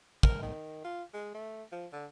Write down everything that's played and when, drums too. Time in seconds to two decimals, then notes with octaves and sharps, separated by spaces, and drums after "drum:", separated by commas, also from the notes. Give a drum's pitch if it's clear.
0.23 A#4, drum: kick
0.43 D#3
0.84 F4
1.14 G#3
1.34 A3
1.72 F3
1.93 D3